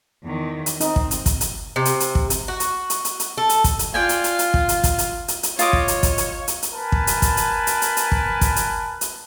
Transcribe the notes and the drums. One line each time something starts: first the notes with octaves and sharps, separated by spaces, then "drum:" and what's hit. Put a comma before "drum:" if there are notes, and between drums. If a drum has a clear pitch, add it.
E2 D#3
drum: hi-hat
C4 D#4, drum: hi-hat
drum: kick
drum: hi-hat
drum: kick, hi-hat
drum: hi-hat
C3
drum: hi-hat
drum: hi-hat
drum: kick
drum: hi-hat
F#4
drum: hi-hat
drum: hi-hat
drum: hi-hat
drum: hi-hat
A4
drum: hi-hat
drum: kick, hi-hat
drum: hi-hat
F4 D5 G5 G#5
drum: hi-hat
drum: hi-hat
drum: hi-hat
drum: kick
drum: hi-hat
drum: kick, hi-hat
drum: hi-hat
drum: hi-hat
drum: hi-hat
F4 C#5 D#5 D6, drum: hi-hat
drum: kick
drum: hi-hat
drum: kick, hi-hat
drum: hi-hat
drum: hi-hat
drum: hi-hat
A#4 B4 G#5 A5 B5
drum: kick
drum: hi-hat
drum: kick, hi-hat
drum: hi-hat
drum: hi-hat
drum: hi-hat
drum: hi-hat
drum: kick
drum: kick, hi-hat
drum: hi-hat
drum: hi-hat